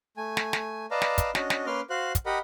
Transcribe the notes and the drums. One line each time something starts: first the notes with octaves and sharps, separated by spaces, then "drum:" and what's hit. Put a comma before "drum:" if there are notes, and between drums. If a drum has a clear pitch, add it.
A3 G#5
drum: snare
drum: snare
B4 D5 D#5 F5 A5 A#5
drum: snare
drum: kick, hi-hat
C#4 D4 F#4 D#5, drum: snare
drum: snare
A#3 C#4 B4 C6 D6 F6
F#4 C5 F5 F#6
drum: kick, hi-hat
G4 A#4 D#5 F#5 B5